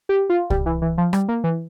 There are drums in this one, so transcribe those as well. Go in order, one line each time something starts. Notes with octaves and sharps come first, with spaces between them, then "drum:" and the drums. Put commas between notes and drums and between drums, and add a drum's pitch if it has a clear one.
G4
F4
G3, drum: kick C2
E3
E3
F3
G3, drum: rim click
A#3
E3